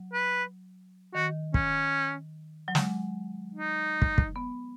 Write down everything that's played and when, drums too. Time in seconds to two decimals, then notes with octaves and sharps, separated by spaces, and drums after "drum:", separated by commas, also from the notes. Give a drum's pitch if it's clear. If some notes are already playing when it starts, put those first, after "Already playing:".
Already playing: F#3
0.13 B4
1.15 D#3 F#4
1.54 C#4, drum: kick
2.68 F#3
2.75 G#3, drum: snare
3.55 D#4
4.02 drum: kick
4.18 drum: kick
4.36 B3